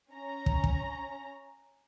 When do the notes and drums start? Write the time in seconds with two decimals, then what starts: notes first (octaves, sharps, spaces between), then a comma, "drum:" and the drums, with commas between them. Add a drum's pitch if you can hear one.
0.12 C#4 A#5
0.46 drum: kick
0.64 drum: kick